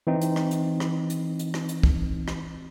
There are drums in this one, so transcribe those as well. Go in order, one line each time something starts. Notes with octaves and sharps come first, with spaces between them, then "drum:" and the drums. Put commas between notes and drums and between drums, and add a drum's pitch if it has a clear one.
E3 C4 D#4
drum: hi-hat
drum: rim click
drum: hi-hat
drum: rim click
drum: hi-hat
drum: hi-hat
drum: rim click
drum: hi-hat
drum: kick
drum: rim click